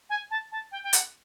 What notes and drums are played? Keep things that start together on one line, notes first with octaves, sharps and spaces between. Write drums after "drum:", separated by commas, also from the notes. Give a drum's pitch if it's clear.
G#5
A5
A5
G5
G5
F#5, drum: hi-hat